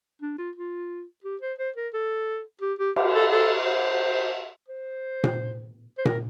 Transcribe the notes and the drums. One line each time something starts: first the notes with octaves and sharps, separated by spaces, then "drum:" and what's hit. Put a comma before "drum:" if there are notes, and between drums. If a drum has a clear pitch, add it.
D4
F4
F4
G4
C5
C5
A#4
A4
G4
G4
G4, drum: cymbal
A4
A4
C5
C5
drum: tom A#2
C5
A#4, drum: tom A#2